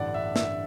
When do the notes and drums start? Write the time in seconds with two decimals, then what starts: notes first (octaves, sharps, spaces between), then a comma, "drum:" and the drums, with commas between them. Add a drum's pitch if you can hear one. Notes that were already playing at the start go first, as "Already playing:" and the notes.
Already playing: A1 G2 D3 D5 F#5
0.14 E5
0.36 E5, drum: snare